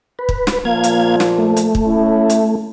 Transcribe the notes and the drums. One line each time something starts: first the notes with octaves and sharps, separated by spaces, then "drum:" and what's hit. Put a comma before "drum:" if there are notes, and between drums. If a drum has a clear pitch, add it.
B4
drum: kick
drum: snare
A#2 F3 A#3 F5 G#6
drum: hi-hat
drum: snare
A3
drum: hi-hat
drum: kick
C#4 E4
drum: hi-hat